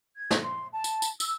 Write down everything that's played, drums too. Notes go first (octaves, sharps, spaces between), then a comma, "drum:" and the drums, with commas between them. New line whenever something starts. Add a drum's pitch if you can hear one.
G#6
drum: snare
C6
A5
drum: tambourine
drum: tambourine
E6, drum: tambourine